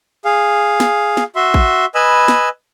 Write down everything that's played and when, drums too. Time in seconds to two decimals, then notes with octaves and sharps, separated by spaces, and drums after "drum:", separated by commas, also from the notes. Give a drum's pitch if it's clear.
0.25 G#4 F5
0.80 drum: snare
1.17 drum: snare
1.36 F#4 E5 C6
1.54 drum: kick
1.95 B4 D#5 G#5 B5 E6
2.28 drum: snare